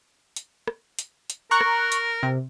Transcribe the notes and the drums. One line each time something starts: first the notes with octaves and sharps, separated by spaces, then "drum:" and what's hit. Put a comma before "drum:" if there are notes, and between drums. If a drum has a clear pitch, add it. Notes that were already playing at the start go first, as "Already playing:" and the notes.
drum: hi-hat
drum: rim click
drum: hi-hat
drum: hi-hat
A#4 A#5 C#6 F#6
drum: rim click
drum: hi-hat
C3